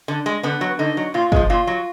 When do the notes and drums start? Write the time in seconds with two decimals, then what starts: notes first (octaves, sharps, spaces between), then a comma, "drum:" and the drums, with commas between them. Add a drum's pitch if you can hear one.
0.08 D3
0.26 G#3
0.43 D3 B3
0.61 F#3
0.79 D3 D#4
0.97 F#3
1.14 A#2 F4
1.32 F3 G#3, drum: kick
1.50 A#2 F4
1.67 F#3